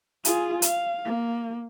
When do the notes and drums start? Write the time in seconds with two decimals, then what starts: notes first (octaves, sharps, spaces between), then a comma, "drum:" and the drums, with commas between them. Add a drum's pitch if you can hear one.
0.25 F4 G#4, drum: hi-hat
0.62 F5, drum: hi-hat
1.05 A#3